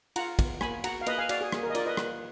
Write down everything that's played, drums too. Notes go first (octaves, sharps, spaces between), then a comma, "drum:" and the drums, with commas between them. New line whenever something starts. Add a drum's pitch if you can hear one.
F4 F#5 A#5, drum: cymbal
B3, drum: kick, cymbal
A#3 G#5 B5, drum: rim click
F#4 F#5 A#5, drum: cymbal
F5
A#3 B4 D#5, drum: cymbal
F5 G#5
F#4 D5 F5, drum: cymbal
G#4
A#3 G#4, drum: rim click
A#4
D#5
F4 A#4 D5, drum: cymbal
B4 D#5
A#3, drum: rim click